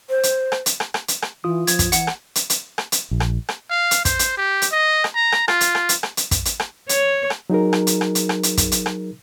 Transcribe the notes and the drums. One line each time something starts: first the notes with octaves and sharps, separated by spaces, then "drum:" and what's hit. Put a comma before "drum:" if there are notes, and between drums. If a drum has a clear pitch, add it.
C5
drum: hi-hat
drum: rim click
drum: hi-hat
drum: rim click
drum: rim click
drum: hi-hat
drum: rim click
E3 F4 D#6
F3 G#6, drum: hi-hat
drum: kick, hi-hat
E3 F#5, drum: hi-hat
drum: rim click
drum: hi-hat
drum: hi-hat
drum: rim click
drum: hi-hat
A#1
drum: rim click
drum: rim click
F5
drum: hi-hat
C5, drum: kick, hi-hat
drum: hi-hat
G4
drum: hi-hat
D#5
drum: rim click
A#5
drum: rim click
F4, drum: rim click
drum: hi-hat
drum: rim click
drum: hi-hat
drum: rim click
drum: hi-hat
drum: kick, hi-hat
drum: hi-hat
drum: rim click
C#5, drum: hi-hat
drum: rim click
F#3 D#4 G#4 A#4
drum: rim click
drum: hi-hat
drum: rim click
drum: hi-hat
drum: rim click
drum: hi-hat
drum: kick, hi-hat
drum: hi-hat
drum: rim click